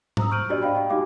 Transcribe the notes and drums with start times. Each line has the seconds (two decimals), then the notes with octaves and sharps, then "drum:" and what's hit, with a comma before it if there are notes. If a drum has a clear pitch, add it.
0.17 C5 A#5 D#6 E6, drum: tom G#2
0.31 C#6 F6 G6 D7 D#7 F#7
0.49 D4 F#4 G4 C5 D5 D#5
0.61 D4 F5 G5 B5
0.75 D#5 F5 G5
0.90 D#4 F#4 G4 F5 D6